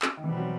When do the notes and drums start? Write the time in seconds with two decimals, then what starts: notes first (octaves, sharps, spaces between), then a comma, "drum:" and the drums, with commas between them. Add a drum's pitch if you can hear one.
0.02 drum: clap
0.17 D#3
0.24 B2 E3 G3 C4
0.37 F#3